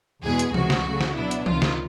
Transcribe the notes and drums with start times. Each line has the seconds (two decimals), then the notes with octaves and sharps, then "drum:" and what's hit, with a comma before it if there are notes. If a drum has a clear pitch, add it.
0.24 E2 B2 G#3 B3 G#4
0.39 drum: hi-hat
0.54 C#2 C3 E3 G#3 F#4, drum: tom E3
0.70 drum: snare
0.85 C#3 F#3 A3
1.01 drum: snare
1.16 B2 F#3 B3 D4 E4
1.31 drum: hi-hat
1.46 C#2 C3 D#3 F4, drum: tom E3
1.62 drum: snare